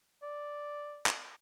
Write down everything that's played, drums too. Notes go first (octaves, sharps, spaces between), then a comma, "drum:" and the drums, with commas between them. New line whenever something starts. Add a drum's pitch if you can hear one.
D5
drum: clap